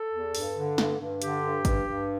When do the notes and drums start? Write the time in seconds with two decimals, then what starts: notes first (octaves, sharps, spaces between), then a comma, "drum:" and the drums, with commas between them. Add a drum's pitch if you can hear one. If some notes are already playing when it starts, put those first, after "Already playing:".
Already playing: A4
0.13 E2
0.35 G2, drum: open hi-hat
0.56 D3
0.78 G2, drum: snare
0.99 G2
1.22 D3 G4, drum: hi-hat
1.44 G2
1.65 G2, drum: kick G#1, hi-hat
1.87 G2